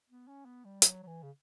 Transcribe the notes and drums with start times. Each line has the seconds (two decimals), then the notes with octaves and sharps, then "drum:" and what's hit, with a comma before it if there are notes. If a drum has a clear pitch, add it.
0.10 B3
0.28 C#4
0.45 B3
0.65 G3
0.82 F#3, drum: hi-hat
1.03 F#3
1.07 E3
1.23 C#3